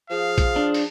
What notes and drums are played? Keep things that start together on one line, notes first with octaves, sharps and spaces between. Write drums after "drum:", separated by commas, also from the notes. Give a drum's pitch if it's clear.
F3 G#4 F5
drum: kick, hi-hat
D4
drum: open hi-hat